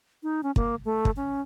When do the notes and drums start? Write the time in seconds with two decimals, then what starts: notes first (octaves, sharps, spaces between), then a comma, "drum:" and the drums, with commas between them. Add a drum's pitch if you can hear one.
0.23 D#4
0.43 C#4
0.56 A#3, drum: kick
0.85 A3
1.05 drum: kick
1.16 C#4